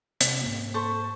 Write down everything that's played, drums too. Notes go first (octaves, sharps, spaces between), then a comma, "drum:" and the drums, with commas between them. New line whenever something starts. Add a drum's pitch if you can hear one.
C3, drum: hi-hat
G#2 A#3
A4 C5 C#6